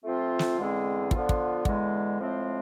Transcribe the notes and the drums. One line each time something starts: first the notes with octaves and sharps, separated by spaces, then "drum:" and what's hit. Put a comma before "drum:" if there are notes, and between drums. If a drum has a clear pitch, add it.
F3 A3 C4 F4
drum: snare
E2 D3 G#3 C4 G#4
D3 F3 B3 F4, drum: kick
drum: kick
E2 D3 G#3, drum: kick
A2 F3 G#3 C4